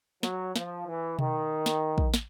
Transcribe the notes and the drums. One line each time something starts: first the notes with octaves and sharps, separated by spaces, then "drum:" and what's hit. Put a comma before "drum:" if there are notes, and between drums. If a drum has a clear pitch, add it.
F#3, drum: snare
F3, drum: snare
E3
D#3, drum: tom B2
drum: snare
drum: kick
drum: snare